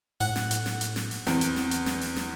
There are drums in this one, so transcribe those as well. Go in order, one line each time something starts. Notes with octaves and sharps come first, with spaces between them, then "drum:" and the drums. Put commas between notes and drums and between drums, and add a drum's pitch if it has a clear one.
A2 F#5, drum: open hi-hat
drum: snare
drum: hi-hat
drum: snare
drum: hi-hat
drum: snare
drum: open hi-hat
E2 C4, drum: snare
drum: hi-hat
drum: snare
drum: hi-hat
drum: snare
drum: open hi-hat
drum: snare